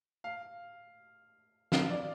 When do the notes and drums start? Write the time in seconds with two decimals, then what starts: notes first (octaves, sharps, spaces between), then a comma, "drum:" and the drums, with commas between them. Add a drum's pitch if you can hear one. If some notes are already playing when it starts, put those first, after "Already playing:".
0.24 F5
1.72 F5, drum: snare
1.90 D5